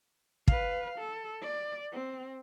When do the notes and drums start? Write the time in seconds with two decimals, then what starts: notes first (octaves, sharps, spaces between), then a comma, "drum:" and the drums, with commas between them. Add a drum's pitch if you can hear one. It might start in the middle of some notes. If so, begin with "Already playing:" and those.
0.48 B4 F5, drum: kick
0.99 A4
1.42 D5
1.92 C4